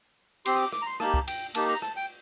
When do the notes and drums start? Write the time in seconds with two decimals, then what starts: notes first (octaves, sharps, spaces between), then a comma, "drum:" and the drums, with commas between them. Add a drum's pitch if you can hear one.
0.46 C4 G4 C6, drum: cymbal
0.55 D#6
0.59 D6
0.73 D6, drum: rim click
0.82 A#5
0.87 C6
1.00 A#3 D#4 G4 A5, drum: rim click
1.14 drum: kick
1.27 G5, drum: cymbal
1.55 A#3 D#4 G4 A5, drum: cymbal
1.69 A#5
1.82 A5, drum: rim click
1.96 G5